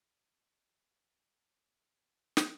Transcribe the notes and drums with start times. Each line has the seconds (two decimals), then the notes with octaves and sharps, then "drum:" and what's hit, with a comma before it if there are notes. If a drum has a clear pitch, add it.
0.16 F#4
0.75 D4
1.34 E4
1.93 D5
2.37 drum: snare